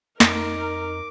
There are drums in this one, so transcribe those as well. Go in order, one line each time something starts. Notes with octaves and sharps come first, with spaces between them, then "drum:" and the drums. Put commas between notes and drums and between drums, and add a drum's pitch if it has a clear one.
F2 D#4 A#4 D6, drum: snare